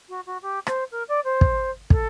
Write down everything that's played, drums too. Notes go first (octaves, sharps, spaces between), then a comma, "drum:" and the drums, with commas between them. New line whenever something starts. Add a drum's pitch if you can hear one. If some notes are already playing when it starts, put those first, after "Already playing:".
F#4
F#4
G4
C5, drum: rim click
A#4
D5
C5
drum: kick
A4, drum: kick